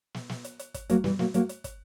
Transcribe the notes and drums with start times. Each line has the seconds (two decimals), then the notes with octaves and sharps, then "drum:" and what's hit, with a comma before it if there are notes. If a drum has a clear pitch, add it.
0.14 drum: snare
0.29 drum: snare
0.44 drum: hi-hat
0.59 drum: hi-hat
0.74 drum: kick, hi-hat
0.89 F#3 A#3, drum: hi-hat
1.04 E3 G3, drum: snare
1.19 F#3 A#3, drum: snare
1.34 F#3 A#3, drum: hi-hat
1.49 drum: hi-hat
1.64 drum: kick, hi-hat